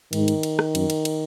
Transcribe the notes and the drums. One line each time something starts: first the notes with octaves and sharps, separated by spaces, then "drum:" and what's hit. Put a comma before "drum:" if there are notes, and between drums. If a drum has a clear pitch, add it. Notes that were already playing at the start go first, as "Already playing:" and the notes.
G#2 D#3, drum: cymbal
drum: cymbal
drum: cymbal
drum: rim click
F#2, drum: cymbal
drum: cymbal
drum: cymbal